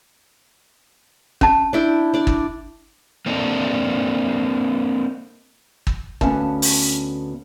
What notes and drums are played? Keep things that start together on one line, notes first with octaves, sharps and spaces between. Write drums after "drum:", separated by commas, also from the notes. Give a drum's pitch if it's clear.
C#4 A5, drum: kick
D4 E4 G5
D4 D5
drum: kick
A#3 C4 D4 D#4 F4 A4
drum: kick
D2 B3 C#4 F5 A5, drum: kick
drum: open hi-hat